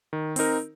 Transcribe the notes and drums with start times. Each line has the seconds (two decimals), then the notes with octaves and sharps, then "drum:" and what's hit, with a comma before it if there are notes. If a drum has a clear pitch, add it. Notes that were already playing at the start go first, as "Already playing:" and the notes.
0.13 D#3
0.36 C4 D#4 A#4, drum: open hi-hat